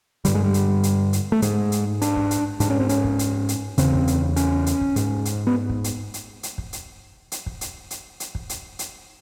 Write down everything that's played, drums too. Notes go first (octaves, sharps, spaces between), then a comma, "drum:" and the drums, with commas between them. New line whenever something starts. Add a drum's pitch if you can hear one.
G2 D3 G3, drum: hi-hat
G#3
G3
drum: hi-hat
drum: hi-hat
drum: hi-hat
A3
G#2 G#3, drum: hi-hat
drum: hi-hat
D4, drum: hi-hat
drum: kick
drum: hi-hat
G#2 D4, drum: hi-hat
C#4
C4
C#4, drum: hi-hat
drum: kick
drum: hi-hat
drum: hi-hat
E2 C#3 C4, drum: hi-hat
drum: kick
drum: hi-hat
C#4, drum: hi-hat
drum: hi-hat
drum: kick
G#2, drum: hi-hat
drum: hi-hat
B3
drum: kick
drum: hi-hat
drum: hi-hat
drum: hi-hat
drum: kick
drum: hi-hat
drum: hi-hat
drum: kick
drum: hi-hat
drum: hi-hat
drum: hi-hat
drum: kick
drum: hi-hat
drum: hi-hat